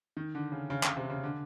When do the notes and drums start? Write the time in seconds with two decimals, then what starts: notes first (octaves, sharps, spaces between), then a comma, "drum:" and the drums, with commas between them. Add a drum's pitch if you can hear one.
0.17 D#3
0.35 D3
0.52 C#3
0.70 C#3
0.83 C#3, drum: clap
0.97 C3
1.10 C#3
1.24 D3